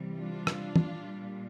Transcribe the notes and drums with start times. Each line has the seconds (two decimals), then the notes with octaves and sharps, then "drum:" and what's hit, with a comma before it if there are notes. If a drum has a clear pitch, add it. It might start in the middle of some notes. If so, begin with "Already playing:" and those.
Already playing: C3 E3 G3
0.19 D4 F4
0.47 drum: rim click
0.76 A#2 G3, drum: tom